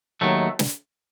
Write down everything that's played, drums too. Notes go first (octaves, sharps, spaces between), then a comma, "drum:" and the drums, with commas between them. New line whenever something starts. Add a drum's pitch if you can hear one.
D#2 D#3 F#3 A3
drum: snare